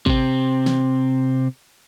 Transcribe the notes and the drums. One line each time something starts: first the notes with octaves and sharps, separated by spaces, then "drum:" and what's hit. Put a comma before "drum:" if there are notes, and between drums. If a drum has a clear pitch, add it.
C3 C4, drum: kick
drum: snare